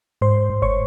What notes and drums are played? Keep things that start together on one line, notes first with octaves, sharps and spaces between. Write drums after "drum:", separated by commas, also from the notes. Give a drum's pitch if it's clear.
G#2 C5 C6
G#2
C#5 C#6, drum: kick G1